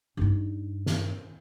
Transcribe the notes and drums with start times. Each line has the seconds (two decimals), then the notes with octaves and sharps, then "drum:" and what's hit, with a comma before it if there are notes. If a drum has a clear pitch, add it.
0.17 G2 D#4
0.86 drum: snare